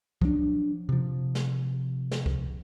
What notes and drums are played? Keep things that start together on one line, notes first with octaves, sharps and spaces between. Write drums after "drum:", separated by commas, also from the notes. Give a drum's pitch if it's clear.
F3 F#3 D4, drum: kick
C3 F3
drum: snare
drum: snare
drum: kick